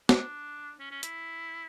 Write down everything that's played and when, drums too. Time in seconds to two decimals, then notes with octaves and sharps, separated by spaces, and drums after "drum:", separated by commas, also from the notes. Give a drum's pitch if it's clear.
0.09 D4, drum: snare
0.80 C#4
0.91 C#4
1.03 E4, drum: hi-hat